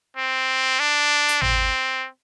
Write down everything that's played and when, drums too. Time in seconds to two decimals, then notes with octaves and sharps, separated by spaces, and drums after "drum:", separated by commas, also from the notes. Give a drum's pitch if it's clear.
0.17 C4
0.80 D4
1.28 drum: hi-hat
1.42 C4, drum: tom G#1